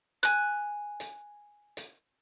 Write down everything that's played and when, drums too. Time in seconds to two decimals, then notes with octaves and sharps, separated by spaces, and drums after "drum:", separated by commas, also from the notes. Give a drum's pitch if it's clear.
0.23 G#5 F#6, drum: hi-hat
1.00 drum: hi-hat
1.77 drum: hi-hat